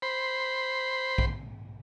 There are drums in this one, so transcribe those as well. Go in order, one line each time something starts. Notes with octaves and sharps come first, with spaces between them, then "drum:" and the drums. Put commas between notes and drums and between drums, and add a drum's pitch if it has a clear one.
C5 B5
drum: kick